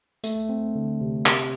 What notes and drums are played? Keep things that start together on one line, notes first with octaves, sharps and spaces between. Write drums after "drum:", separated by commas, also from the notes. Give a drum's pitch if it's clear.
A3, drum: hi-hat
C4
D3
C3
C3, drum: clap